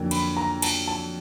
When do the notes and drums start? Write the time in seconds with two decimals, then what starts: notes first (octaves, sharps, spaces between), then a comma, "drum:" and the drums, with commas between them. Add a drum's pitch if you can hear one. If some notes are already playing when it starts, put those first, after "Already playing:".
Already playing: F2 D3 F#3 A#3
0.11 B5, drum: cymbal
0.37 A#5
0.62 A5, drum: cymbal
0.88 A5